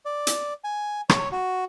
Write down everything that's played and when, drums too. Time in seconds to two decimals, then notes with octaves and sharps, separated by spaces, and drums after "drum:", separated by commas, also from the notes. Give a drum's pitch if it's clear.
0.05 D5
0.27 drum: hi-hat
0.64 G#5
1.09 C#5, drum: rim click
1.32 F#4